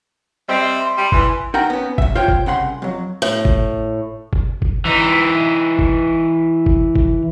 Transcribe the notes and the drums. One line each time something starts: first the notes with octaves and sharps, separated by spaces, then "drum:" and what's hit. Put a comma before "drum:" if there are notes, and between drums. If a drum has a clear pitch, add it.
G3 C4 D#5 E5
E5
C6
G3
E3 G#5 C6, drum: kick G1
D#4 A#4 F#5 G5 A#5
B3 C#4
B1 E5, drum: kick G1
F4 C5 C#5 G5
drum: kick G1
C2 C#3 F#5 C6
F2 F#3
A2
drum: kick G1
drum: kick G1
drum: kick G1
E3 D#4
drum: kick G1
drum: kick G1
drum: kick G1